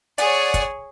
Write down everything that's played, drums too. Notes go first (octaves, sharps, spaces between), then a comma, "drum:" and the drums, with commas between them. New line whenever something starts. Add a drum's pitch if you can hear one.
G#4 C#5 D5 F#5 G#5, drum: hi-hat
drum: kick, hi-hat